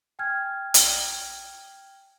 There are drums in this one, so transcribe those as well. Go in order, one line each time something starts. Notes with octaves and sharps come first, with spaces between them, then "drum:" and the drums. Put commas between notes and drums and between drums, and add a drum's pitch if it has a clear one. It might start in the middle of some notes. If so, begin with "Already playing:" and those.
G5 G#5 F6 G#6
drum: hi-hat